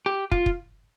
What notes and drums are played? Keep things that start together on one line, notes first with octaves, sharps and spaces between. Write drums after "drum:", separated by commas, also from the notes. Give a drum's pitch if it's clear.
G4
F4, drum: kick
drum: kick